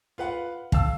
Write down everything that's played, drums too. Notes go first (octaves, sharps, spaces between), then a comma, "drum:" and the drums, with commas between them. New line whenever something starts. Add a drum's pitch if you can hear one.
F4 B4 F#5
F5 A5 E6, drum: kick